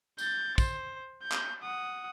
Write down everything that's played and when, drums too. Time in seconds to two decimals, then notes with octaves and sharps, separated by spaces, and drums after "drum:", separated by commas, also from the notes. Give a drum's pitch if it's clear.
0.18 G6 A6, drum: tambourine
0.58 C5, drum: kick, tambourine
1.23 G6
1.32 drum: clap
1.63 F#5 D#6